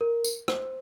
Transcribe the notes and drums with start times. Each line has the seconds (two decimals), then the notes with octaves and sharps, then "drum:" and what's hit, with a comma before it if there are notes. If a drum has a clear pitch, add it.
0.01 A#4
0.24 drum: tambourine
0.48 C5, drum: rim click